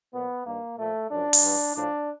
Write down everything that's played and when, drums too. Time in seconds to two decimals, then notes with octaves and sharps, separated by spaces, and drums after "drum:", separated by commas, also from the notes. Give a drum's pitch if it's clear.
0.13 A#2 F3 B3
0.45 G2 D#3 A#3
0.77 A#2 F3 A3
1.10 F#2 C#3 F3 D4
1.33 drum: open hi-hat
1.43 G2 E3
1.75 A2 F3 D4